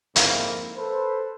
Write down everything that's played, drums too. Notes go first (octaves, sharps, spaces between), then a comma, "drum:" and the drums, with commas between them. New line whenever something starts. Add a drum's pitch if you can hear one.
F2 G#2 A#3 E4, drum: hi-hat
A4 B4 C5